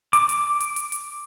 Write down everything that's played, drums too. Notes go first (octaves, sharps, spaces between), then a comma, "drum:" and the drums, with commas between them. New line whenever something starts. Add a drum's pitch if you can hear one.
D6, drum: hi-hat
drum: hi-hat
drum: hi-hat
drum: hi-hat
drum: hi-hat